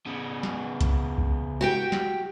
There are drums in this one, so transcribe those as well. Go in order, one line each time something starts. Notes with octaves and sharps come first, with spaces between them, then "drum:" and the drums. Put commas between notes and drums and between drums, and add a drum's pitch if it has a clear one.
C#3 B3
drum: snare
drum: kick C2, hi-hat
drum: kick C2
F#4 G4 G5
drum: snare